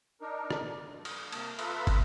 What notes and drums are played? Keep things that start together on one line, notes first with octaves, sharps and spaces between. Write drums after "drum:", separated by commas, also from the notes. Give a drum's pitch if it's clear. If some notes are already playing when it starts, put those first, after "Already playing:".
D4 D#4 A#4
drum: rim click
G2
drum: cymbal
C3 A#3 A5, drum: cymbal
F4 A4 B4 E5 A#5 B5, drum: cymbal
drum: kick, cymbal